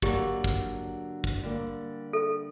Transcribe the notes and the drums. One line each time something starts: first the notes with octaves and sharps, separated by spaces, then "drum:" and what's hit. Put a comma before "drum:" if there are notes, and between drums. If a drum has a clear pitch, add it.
D3 F#3 A#3 G4, drum: kick
drum: kick
drum: kick
D3 G3 A#3
A4